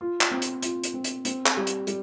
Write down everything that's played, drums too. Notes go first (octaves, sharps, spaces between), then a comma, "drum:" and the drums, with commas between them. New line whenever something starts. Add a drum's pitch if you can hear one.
F4
drum: clap
C4
drum: hi-hat
F4, drum: hi-hat
drum: hi-hat
C4
drum: hi-hat
C4, drum: hi-hat
drum: clap
G3
drum: hi-hat
G3, drum: hi-hat